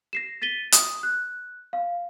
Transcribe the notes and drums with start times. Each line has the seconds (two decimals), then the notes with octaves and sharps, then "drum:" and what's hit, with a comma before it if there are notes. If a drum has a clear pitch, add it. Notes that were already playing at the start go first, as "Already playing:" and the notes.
0.13 A#6 C7 E7
0.42 A6 B6 D#7 G7
0.72 D#6, drum: hi-hat
1.03 F#6
1.73 F5